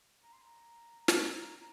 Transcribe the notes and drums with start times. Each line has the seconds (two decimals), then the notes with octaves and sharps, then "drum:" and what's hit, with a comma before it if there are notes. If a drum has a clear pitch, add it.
0.23 A#5
0.33 C6
0.42 A#5
1.08 drum: snare